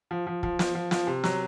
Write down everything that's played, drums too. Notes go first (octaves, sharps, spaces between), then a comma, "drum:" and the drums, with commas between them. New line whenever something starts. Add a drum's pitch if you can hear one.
F3
F3
F3, drum: kick
F3, drum: snare
F3
F3, drum: snare
C3
F#3, drum: snare